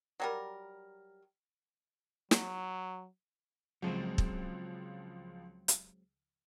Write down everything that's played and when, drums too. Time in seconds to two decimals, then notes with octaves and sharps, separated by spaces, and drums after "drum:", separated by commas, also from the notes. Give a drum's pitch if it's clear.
0.20 F#3 G3 A#4
2.31 F#3, drum: snare
3.82 C#2 F3 F#3 G#3 C4
4.18 drum: kick
5.68 drum: hi-hat